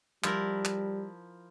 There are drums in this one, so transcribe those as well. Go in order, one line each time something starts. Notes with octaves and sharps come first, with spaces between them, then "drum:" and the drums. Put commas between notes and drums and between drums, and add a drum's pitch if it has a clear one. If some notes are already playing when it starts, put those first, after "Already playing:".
F3 G3 E4 A#4, drum: clap
drum: clap